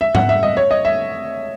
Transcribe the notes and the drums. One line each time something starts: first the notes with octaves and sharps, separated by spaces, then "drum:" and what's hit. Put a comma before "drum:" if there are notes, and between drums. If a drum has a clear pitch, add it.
E5
F#5, drum: tom G#2
E5
D#5
C#5
D#5
E5